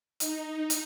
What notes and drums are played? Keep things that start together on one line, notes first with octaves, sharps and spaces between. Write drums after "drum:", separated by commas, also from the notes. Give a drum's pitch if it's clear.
D#4, drum: hi-hat
drum: hi-hat